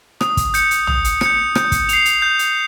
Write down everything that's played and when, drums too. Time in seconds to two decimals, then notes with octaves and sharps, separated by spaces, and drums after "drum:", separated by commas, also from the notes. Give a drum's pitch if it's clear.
0.21 D#6, drum: rim click
0.37 drum: kick, hi-hat
0.54 G6 C#7, drum: hi-hat
0.71 drum: hi-hat
0.87 D#6, drum: tom
1.04 drum: hi-hat
1.21 G6 C#7, drum: rim click
1.55 G6, drum: rim click
1.72 drum: kick, hi-hat
1.89 C7 F7, drum: hi-hat
2.05 drum: hi-hat
2.22 G6
2.39 drum: hi-hat